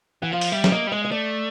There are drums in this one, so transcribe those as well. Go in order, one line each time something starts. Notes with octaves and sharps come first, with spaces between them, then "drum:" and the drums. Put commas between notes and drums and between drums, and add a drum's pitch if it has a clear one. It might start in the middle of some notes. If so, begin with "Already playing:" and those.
E3 F#5
F3 F5
drum: open hi-hat
G3 E5
D5, drum: snare
A#3 D#5
G3
G#3 D#5
D#5
A3 D5